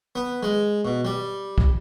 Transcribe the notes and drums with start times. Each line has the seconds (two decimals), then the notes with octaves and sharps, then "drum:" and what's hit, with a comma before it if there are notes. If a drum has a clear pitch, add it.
0.15 B3
0.43 G#3
0.85 B2
1.05 G3
1.58 drum: kick